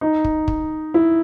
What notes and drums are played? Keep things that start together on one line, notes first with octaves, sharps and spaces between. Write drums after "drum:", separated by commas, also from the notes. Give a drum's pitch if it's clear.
D#4
drum: kick
drum: kick
E4